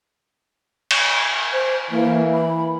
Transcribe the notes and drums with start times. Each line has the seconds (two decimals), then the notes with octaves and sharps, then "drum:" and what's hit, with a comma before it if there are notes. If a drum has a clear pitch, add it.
0.91 drum: cymbal
1.53 C5
1.91 E3 A#3
2.33 B5